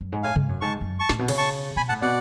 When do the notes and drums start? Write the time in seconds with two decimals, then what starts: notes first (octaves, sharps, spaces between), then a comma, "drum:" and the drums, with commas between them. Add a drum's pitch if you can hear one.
0.01 F#2
0.12 G#2
0.23 A2 F5 G#5
0.36 G#2, drum: tom C3
0.49 F#2
0.61 G#2 A5 C#6
0.81 F#2
0.99 A5 C#6
1.09 A2, drum: snare
1.19 B2
1.28 C#3, drum: cymbal
1.38 A5 C#6
1.76 B2 G#5 B5
1.89 A2 F#5 A5
2.02 B2 D5 F#5